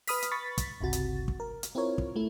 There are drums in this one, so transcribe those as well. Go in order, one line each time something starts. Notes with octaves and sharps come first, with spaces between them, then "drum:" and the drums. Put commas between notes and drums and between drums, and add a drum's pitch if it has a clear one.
B4 B5 D#6 F6 B6, drum: open hi-hat
drum: hi-hat
B5 C#6 A6 B6
drum: kick, hi-hat
G1 C#2 C3 F#4 A6
drum: hi-hat
drum: kick
A#4
drum: hi-hat
C4 E4 F4 A#4 C#5
drum: kick
A3 E4